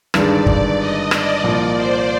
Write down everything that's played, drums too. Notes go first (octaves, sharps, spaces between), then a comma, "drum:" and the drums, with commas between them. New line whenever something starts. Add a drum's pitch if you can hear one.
G1 G2 D#3 G#3 D5, drum: rim click
D5, drum: kick
D#5
D5, drum: rim click
C2 A#2 F3 A#3 F4 D5
C5